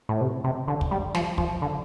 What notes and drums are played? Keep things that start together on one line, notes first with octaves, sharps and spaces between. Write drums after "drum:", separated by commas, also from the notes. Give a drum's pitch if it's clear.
A2
C3
C3
D3
drum: kick
G3
F3, drum: snare
F3, drum: kick
D3